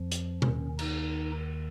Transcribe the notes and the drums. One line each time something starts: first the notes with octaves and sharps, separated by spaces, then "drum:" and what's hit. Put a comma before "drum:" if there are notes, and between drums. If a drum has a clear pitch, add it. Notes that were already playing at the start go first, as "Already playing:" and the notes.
Already playing: F2 F3
drum: hi-hat
D#2 D#3 C#4, drum: tom B2
D#4, drum: cymbal